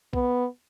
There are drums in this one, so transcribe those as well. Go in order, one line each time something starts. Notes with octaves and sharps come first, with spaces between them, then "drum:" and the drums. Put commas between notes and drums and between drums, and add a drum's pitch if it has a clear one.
B3, drum: kick B1